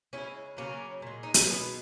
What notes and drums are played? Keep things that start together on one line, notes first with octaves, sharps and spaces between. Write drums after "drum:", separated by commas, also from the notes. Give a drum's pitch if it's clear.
C#3 G#3 C#4 E4
C#3 F#3 A#3 C#4
A#2 G#3
D#4
C#4, drum: hi-hat
B2 G#3 B3